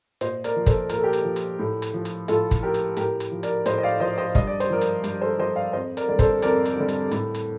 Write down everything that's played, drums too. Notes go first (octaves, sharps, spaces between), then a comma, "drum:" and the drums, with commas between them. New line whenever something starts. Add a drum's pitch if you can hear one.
A#2 C5 D#5, drum: hi-hat
A#4 D5, drum: hi-hat
F3
A4 C5, drum: kick, hi-hat
A#2 A#4, drum: hi-hat
A4
G4 A#4
drum: hi-hat
F3
drum: hi-hat
A2
drum: hi-hat
F3
drum: hi-hat
A2 F4 A4, drum: hi-hat
drum: kick, hi-hat
F3 G4 A#4
drum: hi-hat
A2 G4 A#4, drum: hi-hat
drum: hi-hat
F3
A#4 D5, drum: hi-hat
A2 C5 D#5, drum: hi-hat
D#5
D5 F5
F3 C5 D#5
C5 D#5
G2 D#5, drum: kick
D5
C5, drum: hi-hat
F3 A#4 D5
drum: hi-hat
G2, drum: hi-hat
A4 C5
F3 C5 D#5
D5 F5
F2 C5 D#5
A#4 D5, drum: hi-hat
D3 G3 D5
A4 C5, drum: kick, hi-hat
F2 A#4 D5, drum: hi-hat
drum: hi-hat
D3 G3
drum: hi-hat
A2, drum: hi-hat
drum: hi-hat